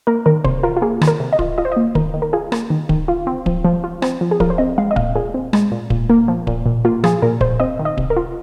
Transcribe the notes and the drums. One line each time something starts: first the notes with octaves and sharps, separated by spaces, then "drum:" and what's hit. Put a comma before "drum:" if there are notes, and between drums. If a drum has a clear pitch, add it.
A#3 A#4
D#3 A#4
C3 C5, drum: kick D1
F4 A#4
F4
A#3 G#4
D#3, drum: rim click
A#4
C3
D#5
F4, drum: kick D1
F4 D#5
C5
A#3 D#5
D#3 A#4, drum: kick D1
D#3
A#4
F4 G#4
A#3, drum: rim click
D#3
D#3, drum: kick D1
F4
C4
F3, drum: kick D1
F3
F4
C4, drum: rim click
F3
G#4
F3 A#4, drum: kick D1
C5
C4 D#5
G#3 F5
D#5
A#2 F5, drum: kick D1
A#2 G#4
C4
G#3, drum: rim click
A#2
A#2, drum: kick D1
A#3
F3
A#2, drum: kick D1
A#2
A#3 F4
F3 G#4, drum: rim click
A#2 A#4
A#2 C5, drum: kick D1
C4 D#5
D#3
D#5
C3, drum: kick D1
A#4
F4